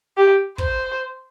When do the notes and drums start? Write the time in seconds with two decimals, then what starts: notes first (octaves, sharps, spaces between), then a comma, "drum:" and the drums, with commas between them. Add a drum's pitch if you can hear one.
0.17 G4
0.58 C5, drum: kick